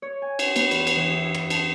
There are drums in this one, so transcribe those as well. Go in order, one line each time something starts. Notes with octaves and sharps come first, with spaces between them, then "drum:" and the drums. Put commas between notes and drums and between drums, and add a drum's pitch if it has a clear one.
C#5
G#5
drum: cymbal
B3, drum: cymbal
E2, drum: cymbal
drum: cymbal
E3
E4
drum: rim click
A5, drum: cymbal